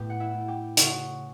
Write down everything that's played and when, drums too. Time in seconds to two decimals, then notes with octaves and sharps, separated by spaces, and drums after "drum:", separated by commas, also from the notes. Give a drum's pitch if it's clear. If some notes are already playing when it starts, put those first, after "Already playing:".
Already playing: A2 A3 B3 G4 B4
0.10 F#5
0.20 E4 E5
0.35 A3
0.48 G4 G5
0.77 C#3 F#4 F#5, drum: hi-hat